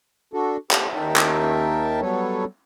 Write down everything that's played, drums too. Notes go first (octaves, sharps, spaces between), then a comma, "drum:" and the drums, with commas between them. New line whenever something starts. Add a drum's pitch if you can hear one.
D4 F#4 A4
E4 G4 A4, drum: clap
D#2 D#4 A#4 E5 G5 A5
drum: clap
F#3 G3 B3 A4 B4 C#5